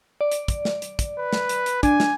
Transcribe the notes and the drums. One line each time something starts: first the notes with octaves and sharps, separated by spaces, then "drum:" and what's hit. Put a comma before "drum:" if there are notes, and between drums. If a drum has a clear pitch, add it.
D5
drum: hi-hat
drum: kick, hi-hat
drum: snare
drum: hi-hat
drum: kick, hi-hat
B4
drum: snare
drum: hi-hat
drum: hi-hat
D4 G#5, drum: kick, hi-hat
drum: snare